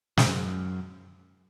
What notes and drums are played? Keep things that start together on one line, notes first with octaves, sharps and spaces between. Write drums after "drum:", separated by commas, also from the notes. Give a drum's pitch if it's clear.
G#2, drum: snare
F#2